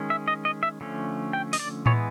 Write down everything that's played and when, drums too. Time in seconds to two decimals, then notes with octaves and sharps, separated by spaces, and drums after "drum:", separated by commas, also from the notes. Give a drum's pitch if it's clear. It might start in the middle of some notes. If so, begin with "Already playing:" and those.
Already playing: D#3 G#3 C#4
0.10 E5
0.28 D#5
0.45 D#5
0.63 E5
0.81 D3 F3 A3 C#4
1.33 G5
1.53 D#5, drum: open hi-hat
1.59 D5
1.86 E3 G#3 B3 C#5, drum: tom A2